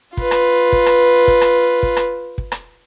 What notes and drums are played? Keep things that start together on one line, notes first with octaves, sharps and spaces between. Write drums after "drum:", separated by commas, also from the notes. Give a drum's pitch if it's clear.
F4 B4, drum: kick
drum: rim click
drum: kick
drum: rim click
drum: kick
drum: rim click
drum: kick
drum: rim click
drum: kick
drum: rim click